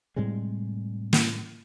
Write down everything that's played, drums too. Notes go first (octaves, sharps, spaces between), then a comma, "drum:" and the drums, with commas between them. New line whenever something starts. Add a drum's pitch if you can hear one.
A2 C3 G3 G#3
drum: snare